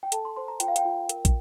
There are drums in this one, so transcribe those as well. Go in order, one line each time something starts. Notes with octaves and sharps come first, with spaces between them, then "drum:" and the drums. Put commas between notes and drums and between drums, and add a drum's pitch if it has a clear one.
G5
A4 A5, drum: hi-hat
C6
C5 C6
A#5
F4 G5, drum: hi-hat
F5
G5, drum: hi-hat
F4
A#4, drum: hi-hat
drum: kick, hi-hat